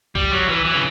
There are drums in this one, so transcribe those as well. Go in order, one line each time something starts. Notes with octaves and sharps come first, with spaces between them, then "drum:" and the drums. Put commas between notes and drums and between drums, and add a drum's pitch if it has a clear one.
G3, drum: kick B1
F#3
E3
E3
C#3